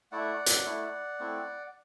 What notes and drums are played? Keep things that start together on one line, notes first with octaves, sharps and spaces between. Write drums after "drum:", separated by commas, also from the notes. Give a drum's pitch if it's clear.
A3 E4 D5 F#5
drum: hi-hat
A3 E4
A3 C4 E4